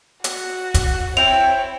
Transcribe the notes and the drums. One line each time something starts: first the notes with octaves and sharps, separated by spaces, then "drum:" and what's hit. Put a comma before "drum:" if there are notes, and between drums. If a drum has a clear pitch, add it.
F#4, drum: hi-hat
drum: kick, hi-hat
C4 E4 C#5 G5 F7